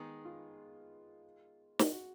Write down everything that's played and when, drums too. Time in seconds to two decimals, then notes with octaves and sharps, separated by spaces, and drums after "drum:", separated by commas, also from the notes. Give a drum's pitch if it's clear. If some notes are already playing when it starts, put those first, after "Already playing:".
Already playing: D#3 G#3 B3 D#4 G#4
0.25 F4
1.79 drum: snare
1.92 F#4